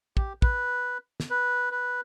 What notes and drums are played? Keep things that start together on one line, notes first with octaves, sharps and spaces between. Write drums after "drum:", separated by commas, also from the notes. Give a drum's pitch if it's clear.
G4, drum: kick
B4, drum: kick
drum: snare
B4
B4